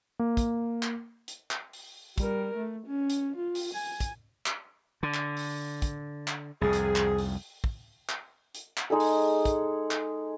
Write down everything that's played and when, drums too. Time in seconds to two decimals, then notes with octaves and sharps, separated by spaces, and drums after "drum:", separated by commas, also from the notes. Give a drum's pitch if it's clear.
0.19 A#3
0.37 drum: kick, hi-hat
0.83 drum: clap
1.28 drum: hi-hat
1.51 drum: clap
1.73 drum: open hi-hat
2.18 G3 A#4, drum: kick, hi-hat
2.57 A3
2.87 C#4
3.10 drum: hi-hat
3.36 F4
3.55 drum: open hi-hat
3.73 G#5
4.00 drum: kick, hi-hat
4.46 drum: clap
5.03 D3
5.14 drum: clap
5.37 drum: open hi-hat
5.82 drum: kick, hi-hat
6.28 drum: clap
6.61 C2 F2 G#4
6.73 drum: hi-hat
6.96 drum: clap
7.18 drum: open hi-hat
7.64 drum: kick
8.09 drum: clap
8.55 drum: hi-hat
8.77 drum: clap
8.90 G#3 D#4 G#4 A4
9.00 drum: open hi-hat
9.45 drum: kick, hi-hat
9.91 drum: clap